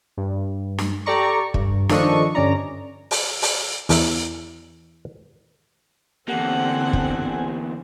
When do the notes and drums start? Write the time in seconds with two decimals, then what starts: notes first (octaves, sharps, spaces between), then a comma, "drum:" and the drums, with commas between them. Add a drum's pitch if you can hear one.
0.17 G2
0.78 drum: snare
1.06 G4 A4 D5 A#5 C#6
1.54 G2, drum: kick
1.89 D#3 F3 D4 A4 D#5 C#6, drum: snare
2.35 G2 D3 C#4 D5 A#5
3.11 drum: open hi-hat
3.42 drum: open hi-hat
3.89 E2 A#4 E5, drum: open hi-hat
6.28 E2 D3 A#3 C4 G4 A4 F#5 G#5
6.93 drum: kick